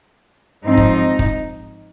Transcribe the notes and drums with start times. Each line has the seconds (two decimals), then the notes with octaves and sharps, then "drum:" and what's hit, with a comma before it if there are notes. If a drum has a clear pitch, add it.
0.64 G#2 F3 C4 D#4
0.77 drum: kick
1.19 drum: kick